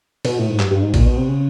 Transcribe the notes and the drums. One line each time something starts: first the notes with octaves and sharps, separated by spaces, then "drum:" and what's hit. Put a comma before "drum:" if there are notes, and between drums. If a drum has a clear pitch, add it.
B2, drum: cymbal
A2
G#2
G2, drum: clap
G2
G#2
A#2, drum: kick, cymbal
B2
C3
C#3